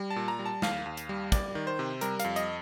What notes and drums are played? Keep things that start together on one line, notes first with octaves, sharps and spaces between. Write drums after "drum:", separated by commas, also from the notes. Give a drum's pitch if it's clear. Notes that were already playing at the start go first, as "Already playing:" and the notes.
Already playing: G3
A5
A#2
A#5
G3
A5
D#2 F5, drum: snare
D#2
drum: hi-hat
G3
G3 D5, drum: kick, hi-hat
D#3
C5
C3
G3 A#4, drum: hi-hat
F2 F5, drum: hi-hat
D#5, drum: hi-hat